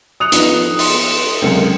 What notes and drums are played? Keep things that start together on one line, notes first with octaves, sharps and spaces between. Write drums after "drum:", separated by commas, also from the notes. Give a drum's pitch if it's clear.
D#6 F#6 C#7 F7
F3 B3 D#4, drum: hi-hat
C6, drum: open hi-hat
C#2 F#2 C3 G#3 A#4 C#7